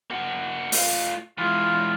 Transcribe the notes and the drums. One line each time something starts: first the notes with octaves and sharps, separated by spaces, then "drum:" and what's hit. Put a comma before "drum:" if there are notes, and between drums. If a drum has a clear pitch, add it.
A#3 F#4
A3 F4, drum: open hi-hat
E3 G#3 F4